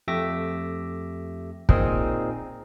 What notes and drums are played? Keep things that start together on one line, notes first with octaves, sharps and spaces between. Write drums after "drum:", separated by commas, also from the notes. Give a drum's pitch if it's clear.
F2 A3 G4 E5 D6 A#6
A#2 C4 D#4 G#4 A#4, drum: kick